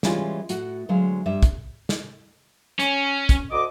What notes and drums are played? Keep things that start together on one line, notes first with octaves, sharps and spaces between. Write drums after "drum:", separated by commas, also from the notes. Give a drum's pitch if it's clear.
E3 G3 G#3 C#4 E4 F4, drum: snare
A2 F#4 F#5, drum: hi-hat
D2 F#3 G#3 F5
G2 G3 E5
drum: kick, hi-hat
drum: snare
C#4, drum: hi-hat
drum: kick, hi-hat
D2 D#5 D6